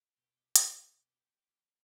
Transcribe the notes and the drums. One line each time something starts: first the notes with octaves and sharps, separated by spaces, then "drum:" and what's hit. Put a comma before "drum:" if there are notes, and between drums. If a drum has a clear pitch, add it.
B2 G4
drum: hi-hat